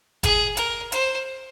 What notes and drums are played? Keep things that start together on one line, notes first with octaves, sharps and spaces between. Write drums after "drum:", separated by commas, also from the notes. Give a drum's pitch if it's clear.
G#4, drum: kick G1, hi-hat
A#4, drum: hi-hat
C5, drum: hi-hat